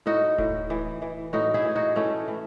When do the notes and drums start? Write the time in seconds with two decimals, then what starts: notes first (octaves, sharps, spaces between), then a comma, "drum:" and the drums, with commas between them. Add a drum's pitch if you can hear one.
0.06 A2 D#4 F#4
0.38 A2, drum: kick D1
0.70 E3
1.02 E3
1.33 A2 D#4 F#4
1.54 E4 G#4
1.65 E3
1.76 D#4 F#4
1.95 E3 A3 C#4
2.28 E3